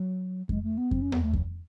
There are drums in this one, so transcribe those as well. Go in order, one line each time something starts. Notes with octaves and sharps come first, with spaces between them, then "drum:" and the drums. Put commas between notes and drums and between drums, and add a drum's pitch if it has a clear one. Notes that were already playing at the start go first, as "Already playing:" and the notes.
Already playing: F#3
G#3, drum: kick F2
A3
B3
C4, drum: kick F2
C#4
B3, drum: tom D#2
A3
drum: kick F2